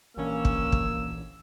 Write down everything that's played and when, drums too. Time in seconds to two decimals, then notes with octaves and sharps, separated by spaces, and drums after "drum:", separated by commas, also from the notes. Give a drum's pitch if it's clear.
0.17 A#1 G2 E3 A#3 C#4 D4 E6
0.45 drum: kick
0.72 drum: kick